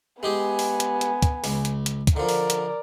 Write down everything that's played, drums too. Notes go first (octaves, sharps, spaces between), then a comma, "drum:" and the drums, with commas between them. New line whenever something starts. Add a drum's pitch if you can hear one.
G#3 B3 G4 G#4 G#5
drum: open hi-hat
drum: hi-hat
drum: hi-hat
drum: kick, hi-hat
C#2, drum: open hi-hat
drum: hi-hat
drum: hi-hat
drum: kick, hi-hat
D3 F3 A#4 D5
drum: open hi-hat
drum: hi-hat